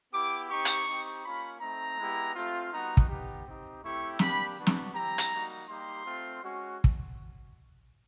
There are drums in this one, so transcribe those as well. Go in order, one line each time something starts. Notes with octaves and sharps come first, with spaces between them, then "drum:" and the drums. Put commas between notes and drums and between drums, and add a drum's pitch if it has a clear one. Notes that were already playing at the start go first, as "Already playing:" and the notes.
B3 E4 G4 D6
C4 D#4 G4 C#6
drum: hi-hat
C4 D#4 G4
A#3 C#4 F4 B5
A3 C4 D#4 A#5
G#3 B3 E4 G4
A3 C4 F4
G3 B3 D#4 F#4 A#5
drum: kick
B3 D#4 G4
C4 D#4 G4
A3 C4 E4 G4 C#6
A#3 D4 G4 B5, drum: snare
B3 D4 F#4
drum: snare
C4 E4 G4 A#5
drum: hi-hat
G3 A#3 D#4 F#4
G3 A#3 D#4 G4 C6
A3 C4 F4
G#3 C#4 F#4
drum: kick